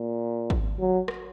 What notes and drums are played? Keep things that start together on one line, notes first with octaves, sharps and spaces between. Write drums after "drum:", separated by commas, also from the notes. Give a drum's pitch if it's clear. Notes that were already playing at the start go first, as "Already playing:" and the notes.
Already playing: A#2
drum: kick
F#3
drum: rim click